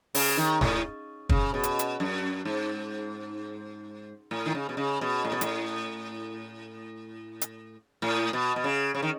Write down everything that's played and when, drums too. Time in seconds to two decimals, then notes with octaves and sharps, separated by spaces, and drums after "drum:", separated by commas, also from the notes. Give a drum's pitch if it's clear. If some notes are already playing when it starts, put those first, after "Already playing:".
0.15 C#3, drum: open hi-hat
0.37 D#3
0.61 A2, drum: snare
1.29 C#3, drum: kick
1.54 B2
1.63 drum: hi-hat
1.79 drum: hi-hat
2.00 F#2
2.45 G#2
4.31 A2
4.46 D#3
4.55 C#3
4.69 B2
4.77 C#3
5.01 B2
5.25 A2
5.32 B2
5.41 A2, drum: hi-hat
7.41 drum: hi-hat
8.02 A2
8.33 B2
8.56 B2
8.64 C#3
8.95 C#3
9.03 D#3